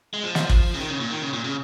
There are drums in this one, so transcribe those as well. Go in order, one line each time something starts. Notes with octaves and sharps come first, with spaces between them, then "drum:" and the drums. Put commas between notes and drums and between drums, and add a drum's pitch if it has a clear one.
G#3
F3
drum: snare
drum: kick
C#3
D#3
C#3
A#2
D#3
C#3
A#2
C#3